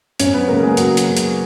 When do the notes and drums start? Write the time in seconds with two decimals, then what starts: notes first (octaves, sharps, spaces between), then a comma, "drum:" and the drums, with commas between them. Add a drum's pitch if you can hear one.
0.20 F#2 C#4 C#5, drum: hi-hat
0.34 B3 B4
0.48 C#3 G#3 A#3 A#4
0.63 G#3 G#4
0.77 F#2 F#3 F#4, drum: hi-hat
0.97 drum: hi-hat
1.07 C#3 G#3
1.17 drum: hi-hat